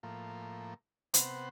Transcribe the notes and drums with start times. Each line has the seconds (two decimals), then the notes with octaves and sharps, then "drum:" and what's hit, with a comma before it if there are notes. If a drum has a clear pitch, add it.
0.03 A2 F3 A#3
1.14 C3 B3 C5 F#5, drum: hi-hat